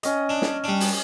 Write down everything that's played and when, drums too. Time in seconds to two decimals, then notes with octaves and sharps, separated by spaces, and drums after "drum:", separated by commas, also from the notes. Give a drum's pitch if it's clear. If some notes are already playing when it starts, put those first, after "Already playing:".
0.03 C#4 D#5, drum: hi-hat
0.29 D4
0.42 drum: snare
0.64 G3 D4
0.80 drum: open hi-hat